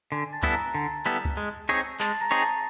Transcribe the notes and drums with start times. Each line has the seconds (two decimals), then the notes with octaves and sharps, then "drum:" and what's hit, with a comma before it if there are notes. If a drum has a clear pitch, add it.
0.12 D3 G#5 G#6
0.32 A5 A6
0.43 G3 B3 E4 A4, drum: kick C#2
0.53 A#5 A#6
0.75 D3 A5 A6
1.06 G3 B3 E4 A4
1.25 drum: kick C#2
1.37 G#3
1.69 C4 D#4 G#4 C#5
2.00 G#3 A5 A6, drum: clap
2.21 A#5 A#6
2.31 C4 D#4 G#4 C#5
2.41 A5 A6